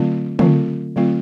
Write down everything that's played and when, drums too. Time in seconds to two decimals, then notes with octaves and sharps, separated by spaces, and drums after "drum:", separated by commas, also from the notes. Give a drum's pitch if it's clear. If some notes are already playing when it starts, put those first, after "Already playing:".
Already playing: D3 F#3 A3 C4 F4
0.39 D3 F#3 A3 C4 F4, drum: tom
0.96 D3 F#3 A3 C4 F4